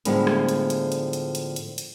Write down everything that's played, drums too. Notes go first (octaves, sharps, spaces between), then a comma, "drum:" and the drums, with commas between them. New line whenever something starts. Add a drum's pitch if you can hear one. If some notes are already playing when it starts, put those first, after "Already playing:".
A2 D3 F3 G3 G#3 B3, drum: hi-hat
drum: rim click
drum: hi-hat
drum: hi-hat
drum: hi-hat
drum: hi-hat
drum: hi-hat
drum: hi-hat
drum: hi-hat